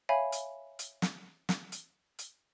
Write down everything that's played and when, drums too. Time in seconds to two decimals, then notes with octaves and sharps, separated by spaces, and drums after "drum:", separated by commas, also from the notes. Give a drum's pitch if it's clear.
0.09 C#5 E5 F5 G#5 B5
0.32 drum: hi-hat
0.79 drum: hi-hat
1.02 drum: snare
1.49 drum: snare
1.72 drum: hi-hat
2.19 drum: hi-hat